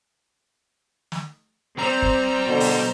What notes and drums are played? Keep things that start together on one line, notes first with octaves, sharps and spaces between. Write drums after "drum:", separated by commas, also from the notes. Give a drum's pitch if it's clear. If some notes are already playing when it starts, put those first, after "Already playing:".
drum: snare
G3 C4 C5 A#5
drum: kick
B2 D3
drum: open hi-hat